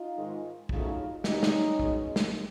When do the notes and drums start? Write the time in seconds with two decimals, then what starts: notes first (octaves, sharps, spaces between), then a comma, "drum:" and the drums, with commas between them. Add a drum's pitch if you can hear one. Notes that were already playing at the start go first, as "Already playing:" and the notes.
Already playing: D#4 F4
0.15 G#2 D#3 G#3
0.69 D2 C#3 F#3 A3 D#4 F4, drum: kick
1.24 B2 G3 C#4 D#4, drum: snare
1.43 drum: snare
1.79 B2 G#3, drum: kick
2.16 drum: snare